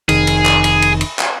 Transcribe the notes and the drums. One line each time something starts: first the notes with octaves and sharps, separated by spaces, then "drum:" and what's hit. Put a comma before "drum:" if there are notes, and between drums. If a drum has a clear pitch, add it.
F1 D#3 G#4, drum: cymbal
drum: cymbal
drum: clap
drum: cymbal
drum: cymbal
drum: cymbal
drum: clap